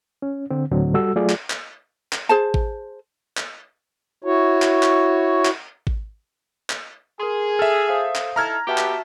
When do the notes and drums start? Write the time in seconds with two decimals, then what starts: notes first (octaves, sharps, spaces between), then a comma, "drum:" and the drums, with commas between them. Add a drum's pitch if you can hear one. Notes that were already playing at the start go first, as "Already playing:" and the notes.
0.22 C#4
0.51 D3 C4
0.71 D2 A2 D3 F#3 C4
0.94 G3 F#4 A4 E6
1.16 F#3 A3 F4 G#4 D5
1.29 drum: clap
1.50 drum: clap
2.13 drum: clap
2.29 G#4 C5 A5
2.54 drum: kick G#1
3.37 drum: clap
4.24 E4 F#4 C#5
4.62 drum: clap
4.83 drum: clap
5.45 drum: clap
5.87 drum: kick G#1
6.70 drum: clap
7.20 G#4 A#4 C6
7.59 A4 E5 E6 F6
7.88 C5 F5 D#6
8.15 drum: clap
8.36 D#4 E4 A4 A#5 F6 G#6
8.67 B3 F#4 G4 E5 A5
8.78 drum: clap